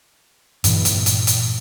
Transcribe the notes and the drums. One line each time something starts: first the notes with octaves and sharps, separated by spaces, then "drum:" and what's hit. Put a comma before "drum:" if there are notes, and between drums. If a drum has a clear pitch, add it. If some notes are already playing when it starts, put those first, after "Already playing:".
G2 A#2 E3, drum: hi-hat
drum: hi-hat
drum: hi-hat
drum: hi-hat